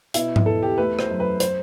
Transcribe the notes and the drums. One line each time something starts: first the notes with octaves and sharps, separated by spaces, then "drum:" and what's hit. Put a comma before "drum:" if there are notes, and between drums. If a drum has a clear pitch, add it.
B2 E4, drum: hi-hat
drum: tom G#2
E2 A4
G4
A3 B4
C5, drum: rim click
F#2
B4
C5, drum: hi-hat